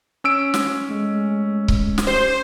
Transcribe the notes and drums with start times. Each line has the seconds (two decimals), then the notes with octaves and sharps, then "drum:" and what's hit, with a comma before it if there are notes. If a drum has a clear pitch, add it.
0.24 C#4 E6 D7
0.54 drum: snare
0.89 G#3 A3
1.68 drum: kick C#1
1.98 drum: snare
2.07 G4 C5